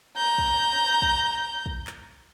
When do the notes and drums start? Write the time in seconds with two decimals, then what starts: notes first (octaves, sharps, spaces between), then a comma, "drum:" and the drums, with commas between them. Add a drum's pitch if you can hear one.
0.17 A#5 G6
0.38 drum: kick
1.02 drum: kick
1.66 drum: kick
1.87 drum: clap